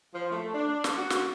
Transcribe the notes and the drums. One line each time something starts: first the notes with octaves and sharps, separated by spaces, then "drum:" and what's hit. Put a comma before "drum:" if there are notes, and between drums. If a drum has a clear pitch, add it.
F3
A3
D4
drum: snare
F#4
drum: snare